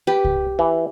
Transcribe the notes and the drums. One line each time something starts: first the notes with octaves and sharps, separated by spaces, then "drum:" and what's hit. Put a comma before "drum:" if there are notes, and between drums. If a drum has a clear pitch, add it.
G4 B4
drum: kick C2
E3